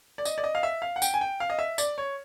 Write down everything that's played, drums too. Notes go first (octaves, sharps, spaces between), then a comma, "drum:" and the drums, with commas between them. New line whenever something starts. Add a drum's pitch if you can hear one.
D5
D#5, drum: tambourine
D5
D#5
F5
E5
F5
F#5
G5, drum: tambourine
G#5
G5
F5
D#5
E5
D5, drum: tambourine
C#5